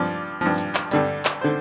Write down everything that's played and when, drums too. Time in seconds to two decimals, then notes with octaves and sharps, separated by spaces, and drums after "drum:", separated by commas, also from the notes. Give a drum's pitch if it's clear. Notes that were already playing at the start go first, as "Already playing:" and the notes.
Already playing: G2 F3 D5
0.41 G2 F3
0.58 drum: hi-hat
0.75 drum: clap
0.91 G2 D3 G3, drum: hi-hat
1.25 drum: clap
1.41 D3 C5